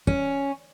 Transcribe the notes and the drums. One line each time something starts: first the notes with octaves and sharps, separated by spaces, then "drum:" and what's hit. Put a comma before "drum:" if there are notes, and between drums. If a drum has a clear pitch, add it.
C#4, drum: kick